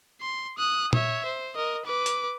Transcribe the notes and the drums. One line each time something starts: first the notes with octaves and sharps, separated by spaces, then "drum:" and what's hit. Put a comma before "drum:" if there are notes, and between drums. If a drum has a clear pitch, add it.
C6
D#6 F#6
C#5 E5, drum: tom A#2
C5
A#4 D#5
B4 D6
drum: hi-hat